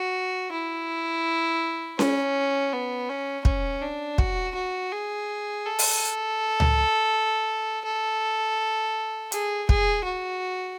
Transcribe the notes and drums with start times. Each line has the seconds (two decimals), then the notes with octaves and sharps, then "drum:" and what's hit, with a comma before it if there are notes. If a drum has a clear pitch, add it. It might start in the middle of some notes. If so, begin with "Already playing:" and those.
Already playing: F#4
0.52 E4
1.99 C#4, drum: snare C#4
2.73 B3
3.10 C#4
3.45 C#4, drum: kick
3.82 D4
4.18 F#4, drum: kick
4.55 F#4
4.92 G#4
5.66 A4
5.79 drum: open hi-hat
6.60 drum: tom C#2
7.85 A4
9.32 G#4, drum: hi-hat
9.69 G#4, drum: kick
10.05 F#4